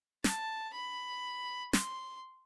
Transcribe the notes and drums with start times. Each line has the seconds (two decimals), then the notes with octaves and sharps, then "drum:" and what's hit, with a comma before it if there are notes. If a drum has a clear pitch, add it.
0.24 A5, drum: snare
0.74 B5
1.73 C6, drum: snare